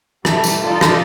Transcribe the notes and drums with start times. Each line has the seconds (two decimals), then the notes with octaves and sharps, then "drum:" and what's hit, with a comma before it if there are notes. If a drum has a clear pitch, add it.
0.25 E3 G3 A3, drum: rim click
0.44 drum: tambourine
0.66 D#4 F4 A4 D5
0.81 drum: rim click